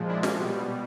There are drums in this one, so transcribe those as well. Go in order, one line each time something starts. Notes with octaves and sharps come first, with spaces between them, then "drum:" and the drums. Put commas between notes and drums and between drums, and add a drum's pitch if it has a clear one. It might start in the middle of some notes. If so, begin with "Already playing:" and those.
Already playing: A#2 F3 G#3
D4 E4
drum: snare
B2 G3